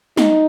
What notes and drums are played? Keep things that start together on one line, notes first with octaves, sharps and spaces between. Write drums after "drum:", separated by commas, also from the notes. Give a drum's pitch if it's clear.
D#4, drum: snare